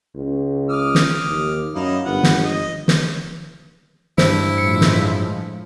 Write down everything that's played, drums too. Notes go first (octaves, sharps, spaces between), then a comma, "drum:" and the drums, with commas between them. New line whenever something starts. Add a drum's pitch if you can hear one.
C#2
D6 D#6 F6
drum: snare
D#2
F#2 D#4 E4 F5
G1 B3 F#5
drum: snare
D#5
drum: snare
G2 E4 C5, drum: snare
A2 F3 G#3 C#7
drum: snare